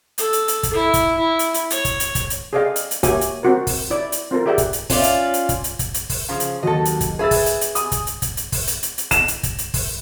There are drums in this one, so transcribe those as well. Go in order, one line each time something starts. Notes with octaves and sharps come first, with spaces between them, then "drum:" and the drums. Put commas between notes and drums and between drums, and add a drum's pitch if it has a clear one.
A4, drum: hi-hat
drum: hi-hat
drum: hi-hat
drum: kick, hi-hat
E4
drum: kick, hi-hat
E4
drum: hi-hat
drum: hi-hat
C#5, drum: hi-hat
drum: kick, hi-hat
drum: hi-hat
drum: kick, hi-hat
drum: hi-hat
G#4 A4 D5 D#5 F5 G5
drum: hi-hat
drum: hi-hat
A#3 F#4 G4 C#5 E5 G#5, drum: kick, hi-hat
drum: hi-hat
C4 F#4 A#4
drum: kick, open hi-hat
E4 D5
drum: hi-hat
C4 F4 A4 A#4
G4 G#4 D5 E5 F#5 G5
drum: kick, hi-hat
drum: hi-hat
C#4 F4 D5 F5, drum: kick, open hi-hat
drum: hi-hat
drum: hi-hat
drum: kick, hi-hat
drum: hi-hat
drum: kick, hi-hat
drum: hi-hat
drum: kick, open hi-hat
C#3 F3
drum: hi-hat
D#2 F#3 A4 D#5
drum: hi-hat
drum: kick, hi-hat
G#4 B4 E5 E6 A6
drum: kick, open hi-hat
drum: hi-hat
drum: hi-hat
G#5 D#6, drum: hi-hat
drum: kick, hi-hat
drum: hi-hat
drum: kick, hi-hat
drum: hi-hat
drum: kick, open hi-hat
drum: hi-hat
drum: hi-hat
drum: hi-hat
E7, drum: kick, hi-hat
drum: hi-hat
drum: kick, hi-hat
drum: hi-hat
drum: kick, open hi-hat